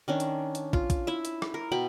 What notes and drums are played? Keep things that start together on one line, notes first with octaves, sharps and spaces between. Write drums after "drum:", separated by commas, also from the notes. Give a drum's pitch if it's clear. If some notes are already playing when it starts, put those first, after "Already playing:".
D#3 C#4 D4
drum: hi-hat
drum: hi-hat
F4, drum: kick
drum: kick, hi-hat
E4 E5
drum: hi-hat
drum: rim click
A#4
B2 G5 B5